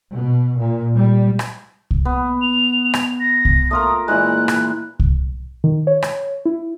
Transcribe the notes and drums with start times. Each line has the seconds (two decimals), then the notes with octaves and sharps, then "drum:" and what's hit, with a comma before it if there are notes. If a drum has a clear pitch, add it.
0.13 B2
0.57 A#2
0.96 G3
1.39 drum: rim click
1.91 drum: kick C2
2.05 B3
2.42 F7
2.94 drum: rim click
3.20 A#6
3.45 drum: kick C2
3.71 A3 F4 A#4 D#6
4.08 A#2 E3 G#3 F#6
4.48 drum: rim click
5.00 drum: kick C2
5.64 D#3
5.87 C#5
6.02 drum: rim click
6.45 E4